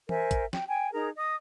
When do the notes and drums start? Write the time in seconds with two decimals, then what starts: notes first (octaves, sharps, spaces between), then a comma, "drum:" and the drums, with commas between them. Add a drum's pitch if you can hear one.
0.09 A#4 C5 E5 G#5, drum: tom E3
0.31 drum: kick, hi-hat
0.53 G5, drum: snare
0.68 G5 G#5
0.92 D#4 G#4 A#4 A#5
1.16 D#5 D#6